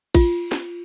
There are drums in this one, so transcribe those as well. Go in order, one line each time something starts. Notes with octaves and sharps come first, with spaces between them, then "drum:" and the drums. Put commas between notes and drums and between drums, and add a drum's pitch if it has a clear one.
F4, drum: kick A1, cymbal
drum: snare